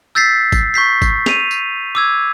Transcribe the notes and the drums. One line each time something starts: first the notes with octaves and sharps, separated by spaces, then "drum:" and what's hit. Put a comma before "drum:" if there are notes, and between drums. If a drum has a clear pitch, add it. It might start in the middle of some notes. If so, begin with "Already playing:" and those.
E6 G6 A6 B6 C7
drum: kick G#1, tambourine
C#6 G6 B6 C7
drum: kick G#1, tambourine
D#7 F7, drum: snare
drum: tambourine
D6 E6 G#6